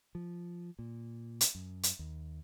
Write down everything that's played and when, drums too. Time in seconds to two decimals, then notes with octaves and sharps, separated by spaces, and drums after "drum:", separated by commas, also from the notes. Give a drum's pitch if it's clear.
0.15 F3
0.79 A#2
1.41 drum: hi-hat
1.55 F#2
1.83 drum: hi-hat
1.99 D#2